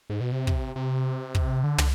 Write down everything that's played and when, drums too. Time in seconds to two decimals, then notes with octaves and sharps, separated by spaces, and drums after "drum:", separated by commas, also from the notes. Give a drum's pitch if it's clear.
0.10 G#2
0.21 B2
0.32 C3
0.47 drum: kick
0.76 C3
1.35 drum: kick
1.64 D3
1.78 drum: tom